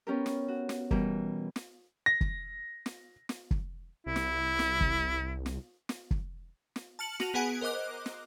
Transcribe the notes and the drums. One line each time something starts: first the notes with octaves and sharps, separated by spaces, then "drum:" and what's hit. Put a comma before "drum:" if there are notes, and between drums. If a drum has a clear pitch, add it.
B3 C#4 G4 A#4
drum: snare
F#4
drum: snare
B2 E3 G3 A#4, drum: kick
drum: snare
A#6
drum: kick
drum: snare
drum: snare
drum: kick
C2 E4
drum: snare
drum: snare
drum: kick
drum: snare
drum: snare
drum: kick
drum: snare
A5 F6 C#7 F#7
F#4 A#6 D#7 F7, drum: snare
B3 G#4 F#5 G#5 D7
A#4 C5 D#5 D6 F#6
drum: snare